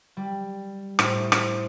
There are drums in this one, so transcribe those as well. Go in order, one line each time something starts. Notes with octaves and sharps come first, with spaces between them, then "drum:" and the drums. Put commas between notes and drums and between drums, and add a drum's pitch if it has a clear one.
G3
A2 C5, drum: rim click
drum: rim click